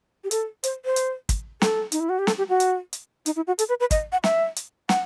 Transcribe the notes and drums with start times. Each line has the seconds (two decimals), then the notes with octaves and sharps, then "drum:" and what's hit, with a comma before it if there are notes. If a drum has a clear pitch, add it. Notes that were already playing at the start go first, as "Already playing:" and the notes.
0.24 G4
0.31 A4, drum: hi-hat
0.63 C5, drum: hi-hat
0.85 C5
0.96 drum: hi-hat
1.29 drum: kick, hi-hat
1.62 A4, drum: snare
1.92 D#4, drum: hi-hat
2.00 E4
2.09 F#4
2.19 G4
2.27 A4, drum: snare
2.38 G4
2.49 F#4
2.60 drum: hi-hat
2.93 drum: hi-hat
3.26 D#4, drum: hi-hat
3.36 E4
3.47 F#4
3.59 A4, drum: hi-hat
3.69 B4
3.80 B4
3.91 D#5, drum: kick, hi-hat
4.12 F#5
4.24 E5, drum: snare
4.56 drum: hi-hat
4.89 F#5, drum: snare